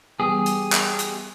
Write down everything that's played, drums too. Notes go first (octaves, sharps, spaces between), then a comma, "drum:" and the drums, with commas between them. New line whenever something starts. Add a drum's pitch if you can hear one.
E3 G3 B3 G4 G#4
drum: hi-hat
drum: clap
drum: hi-hat